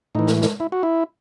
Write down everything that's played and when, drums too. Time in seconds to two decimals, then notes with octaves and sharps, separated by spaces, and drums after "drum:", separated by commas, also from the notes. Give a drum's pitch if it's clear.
0.15 A2 E3 D#4
0.27 drum: snare
0.42 drum: snare
0.60 E4
0.72 F#4
0.83 E4